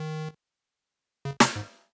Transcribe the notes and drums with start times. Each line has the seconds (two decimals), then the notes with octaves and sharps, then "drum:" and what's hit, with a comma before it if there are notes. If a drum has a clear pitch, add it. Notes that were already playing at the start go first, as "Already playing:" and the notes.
Already playing: D#3
1.25 C#3
1.40 C3, drum: snare
1.56 G#2